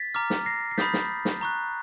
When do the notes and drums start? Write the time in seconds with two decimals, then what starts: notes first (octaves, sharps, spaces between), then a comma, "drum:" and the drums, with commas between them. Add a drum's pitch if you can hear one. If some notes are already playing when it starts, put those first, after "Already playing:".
Already playing: A6 B6
0.15 A#5 D6 F6
0.30 drum: snare
0.46 A#6 C7
0.71 C7
0.78 B5 D#6 G6 A6 B6, drum: snare
0.94 drum: snare
1.25 drum: snare
1.41 A#5 C#6 F#6